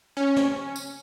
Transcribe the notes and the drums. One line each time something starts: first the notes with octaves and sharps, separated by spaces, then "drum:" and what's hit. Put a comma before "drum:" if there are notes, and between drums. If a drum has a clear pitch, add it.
C#4
drum: snare
drum: tambourine